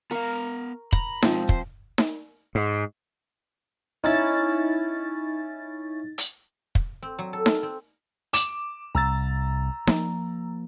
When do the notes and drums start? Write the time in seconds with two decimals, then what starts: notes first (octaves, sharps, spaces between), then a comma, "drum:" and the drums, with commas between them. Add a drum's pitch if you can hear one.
0.11 B3 A#4 F5 C#6
0.92 A#5 B5, drum: kick
1.22 B2 F3 G#3 C4, drum: snare D#4
1.49 C5, drum: kick
1.98 drum: snare D#4
2.55 G#2
4.04 C#4 D#4 E4 A5 A6
6.18 drum: hi-hat
6.75 drum: kick
7.02 C4
7.19 F#3
7.33 A4
7.46 F5, drum: snare D#4
7.63 C4
8.33 D6 E7, drum: hi-hat
8.95 C2 A#5 E6 A6
9.87 F3 A#3, drum: snare D#4